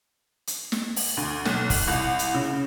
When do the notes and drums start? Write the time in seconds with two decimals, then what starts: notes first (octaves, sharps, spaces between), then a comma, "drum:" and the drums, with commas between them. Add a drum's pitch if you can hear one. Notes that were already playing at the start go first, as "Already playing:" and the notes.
0.47 drum: hi-hat
0.72 drum: snare
0.96 drum: open hi-hat
1.17 D2
1.45 B1, drum: snare
1.70 drum: kick, open hi-hat
1.88 C2
2.19 drum: hi-hat
2.34 C#3